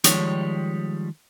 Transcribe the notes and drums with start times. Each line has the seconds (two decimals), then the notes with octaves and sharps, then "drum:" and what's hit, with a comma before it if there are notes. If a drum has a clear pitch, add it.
0.04 D#3 F3 G3 G#3 C#5, drum: hi-hat